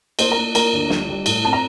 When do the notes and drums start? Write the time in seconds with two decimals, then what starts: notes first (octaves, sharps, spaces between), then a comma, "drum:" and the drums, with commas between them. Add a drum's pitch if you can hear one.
0.19 A#3 C5 C6, drum: cymbal
0.31 A#4 A#5
0.37 A#3
0.55 A#3 A#4 A#5, drum: cymbal
0.73 D2
0.90 G3, drum: snare
1.09 G3
1.26 A2, drum: cymbal
1.44 C4 A5
1.53 A#5